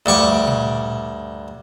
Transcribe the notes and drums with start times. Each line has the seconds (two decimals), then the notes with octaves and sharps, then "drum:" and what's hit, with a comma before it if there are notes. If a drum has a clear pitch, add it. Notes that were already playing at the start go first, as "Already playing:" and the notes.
0.06 D2 G2 C#6 D6
0.47 drum: tom